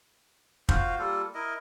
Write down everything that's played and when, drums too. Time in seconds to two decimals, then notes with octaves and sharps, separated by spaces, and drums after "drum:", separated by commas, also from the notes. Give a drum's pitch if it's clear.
0.69 F4 F#4 C5 F5, drum: kick
0.99 G3 A#3 F4 A4
1.35 E4 A#4 D#5